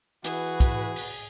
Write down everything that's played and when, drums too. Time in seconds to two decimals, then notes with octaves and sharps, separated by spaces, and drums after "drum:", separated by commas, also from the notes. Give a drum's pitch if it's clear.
0.24 E3 F#4 G#4 B4, drum: hi-hat
0.60 drum: kick, hi-hat
0.96 drum: open hi-hat